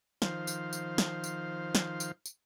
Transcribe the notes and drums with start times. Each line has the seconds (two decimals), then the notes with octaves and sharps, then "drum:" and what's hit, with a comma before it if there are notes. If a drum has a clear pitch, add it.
0.22 D#3 F3 C5 F5, drum: snare
0.47 drum: tambourine
0.73 drum: tambourine
0.98 drum: snare
1.24 drum: tambourine
1.75 drum: snare
2.00 drum: tambourine
2.26 drum: tambourine